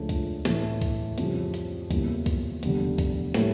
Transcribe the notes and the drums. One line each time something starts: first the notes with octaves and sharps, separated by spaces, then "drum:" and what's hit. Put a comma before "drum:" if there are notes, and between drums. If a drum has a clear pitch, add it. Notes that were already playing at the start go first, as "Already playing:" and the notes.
Already playing: C#2 C#3 F3 A3 D4
drum: kick C2, hi-hat
A2 E3 A3, drum: snare
drum: kick C2, hi-hat
F2 C#3 G3, drum: hi-hat
drum: hi-hat
E2 C#3 G3 A#3 E4, drum: kick C2, hi-hat
drum: kick C2, hi-hat
F1 E2 D3 G3, drum: hi-hat
drum: kick C2, hi-hat
A2 G3 A#3 E4 A4, drum: snare